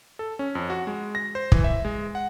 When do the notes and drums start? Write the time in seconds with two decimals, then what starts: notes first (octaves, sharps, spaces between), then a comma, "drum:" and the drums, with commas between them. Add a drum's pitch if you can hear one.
0.19 A4
0.39 C#4
0.55 F2
0.70 F#4
0.87 G#3
1.15 A#6
1.35 C5
1.52 E3, drum: kick
1.64 E5
1.85 G#3
2.15 F#5